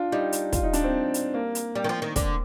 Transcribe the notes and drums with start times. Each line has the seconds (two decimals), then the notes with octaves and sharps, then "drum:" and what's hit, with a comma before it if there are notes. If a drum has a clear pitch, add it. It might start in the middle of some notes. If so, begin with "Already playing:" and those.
Already playing: D4 F4
0.12 G3 D#4
0.32 drum: hi-hat
0.53 F4, drum: kick, hi-hat
0.63 D#4
0.73 D4, drum: hi-hat
0.84 C4
1.14 drum: hi-hat
1.34 A#3
1.55 drum: hi-hat
1.75 G3
1.84 D#3
1.89 F3
2.02 D#3
2.16 D3, drum: kick, hi-hat